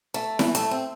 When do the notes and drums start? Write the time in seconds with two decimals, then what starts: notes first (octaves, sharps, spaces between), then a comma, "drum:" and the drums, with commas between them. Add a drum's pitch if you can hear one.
0.14 A3
0.39 E3, drum: snare E4
0.55 A3, drum: hi-hat
0.71 C4